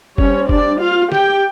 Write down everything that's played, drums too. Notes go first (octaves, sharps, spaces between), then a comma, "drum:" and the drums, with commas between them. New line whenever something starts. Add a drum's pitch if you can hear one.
G3 C4 C#4 C#5, drum: kick F#1
D4 D5, drum: kick F#1
F4 F5
G4 G5, drum: snare